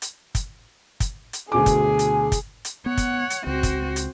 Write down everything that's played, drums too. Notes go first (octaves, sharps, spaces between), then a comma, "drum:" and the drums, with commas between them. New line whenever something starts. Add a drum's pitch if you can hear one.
drum: hi-hat
drum: kick, hi-hat
drum: kick, hi-hat
drum: hi-hat
D2 B2 G#4 G#5 D6
drum: kick, hi-hat
drum: hi-hat
drum: kick, hi-hat
drum: hi-hat
B3 C#5 F#5
drum: kick, hi-hat
drum: hi-hat
C#2 C4 F#4
drum: kick, hi-hat
drum: hi-hat